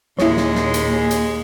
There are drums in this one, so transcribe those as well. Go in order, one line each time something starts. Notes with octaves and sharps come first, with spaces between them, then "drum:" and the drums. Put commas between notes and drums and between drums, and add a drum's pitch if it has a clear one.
D#2 A#2 G#3 E4 C#5, drum: snare
drum: snare
drum: snare
drum: hi-hat
drum: hi-hat